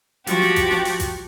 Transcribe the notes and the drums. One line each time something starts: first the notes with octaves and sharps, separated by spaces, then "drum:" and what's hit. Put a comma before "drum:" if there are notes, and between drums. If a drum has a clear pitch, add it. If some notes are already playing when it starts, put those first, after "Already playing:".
F3 F#4 G4, drum: hi-hat
drum: snare
drum: kick A1, hi-hat
drum: snare
drum: open hi-hat
drum: kick A1, hi-hat